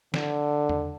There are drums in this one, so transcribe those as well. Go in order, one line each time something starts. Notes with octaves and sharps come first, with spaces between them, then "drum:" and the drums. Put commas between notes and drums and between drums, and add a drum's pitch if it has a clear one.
D3, drum: snare
drum: tom E2